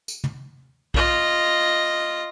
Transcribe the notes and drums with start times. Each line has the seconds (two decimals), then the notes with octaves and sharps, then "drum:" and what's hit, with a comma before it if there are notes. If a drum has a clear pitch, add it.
0.08 drum: tambourine
0.24 drum: tom
0.94 F4 D#5, drum: kick A#1